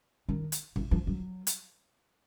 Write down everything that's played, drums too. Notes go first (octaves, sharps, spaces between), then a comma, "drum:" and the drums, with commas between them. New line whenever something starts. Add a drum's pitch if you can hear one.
D#3
drum: hi-hat
E3, drum: kick G#1
F3
F#3
drum: hi-hat